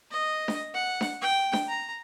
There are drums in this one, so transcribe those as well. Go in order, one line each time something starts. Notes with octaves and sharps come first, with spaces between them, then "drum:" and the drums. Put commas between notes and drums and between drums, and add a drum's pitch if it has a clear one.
D#5
drum: snare D4
F#5
drum: snare D4
G5
drum: snare D4
A#5